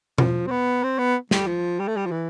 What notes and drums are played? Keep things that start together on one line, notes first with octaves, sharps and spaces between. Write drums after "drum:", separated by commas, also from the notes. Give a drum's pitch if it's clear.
F3, drum: tom B2
C4
B3
C4
B3
G3, drum: snare
F3
G3
A3
G3
F3
E3